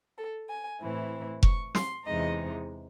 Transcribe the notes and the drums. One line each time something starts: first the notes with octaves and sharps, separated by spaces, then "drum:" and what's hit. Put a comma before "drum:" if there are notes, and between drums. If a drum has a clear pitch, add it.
A4
G#5
A2 E3 C4 E4
C#6, drum: kick F1
C6, drum: snare
E2 C3 E3 G#3 D#4 D#5